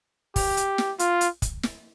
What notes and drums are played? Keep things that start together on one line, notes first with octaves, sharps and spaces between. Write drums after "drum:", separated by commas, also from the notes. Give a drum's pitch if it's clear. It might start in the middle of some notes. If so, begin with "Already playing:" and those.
G4, drum: kick, open hi-hat
drum: hi-hat
drum: snare
F4, drum: hi-hat
drum: hi-hat
drum: kick, hi-hat
drum: snare